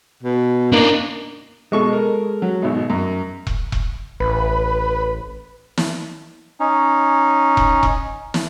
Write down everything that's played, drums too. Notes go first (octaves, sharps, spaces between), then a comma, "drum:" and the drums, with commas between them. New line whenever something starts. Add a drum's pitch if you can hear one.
B2
A#3 D4 D#4
B2 G#3 A4 C#6
A#4
F#3
G#1 B2
F#2
drum: kick E1
drum: kick E1
A1 B4
drum: snare
C#4 D#4
drum: kick E1
drum: kick E1
drum: snare